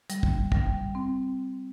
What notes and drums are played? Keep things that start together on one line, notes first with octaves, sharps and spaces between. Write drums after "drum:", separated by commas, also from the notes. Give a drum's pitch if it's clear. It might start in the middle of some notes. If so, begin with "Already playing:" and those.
G3, drum: hi-hat
drum: kick
G3, drum: kick
C4